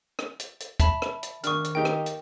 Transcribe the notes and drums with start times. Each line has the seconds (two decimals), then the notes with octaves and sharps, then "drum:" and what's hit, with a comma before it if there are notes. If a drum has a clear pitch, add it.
0.19 drum: rim click
0.40 drum: hi-hat
0.60 drum: hi-hat
0.80 E5 A5 B5, drum: kick, hi-hat
1.02 drum: rim click
1.23 drum: hi-hat
1.44 D#3 D4 C#6 D#6 F6, drum: hi-hat
1.64 drum: hi-hat
1.75 A#3 D#4 G4 G5
1.85 drum: rim click
2.06 drum: hi-hat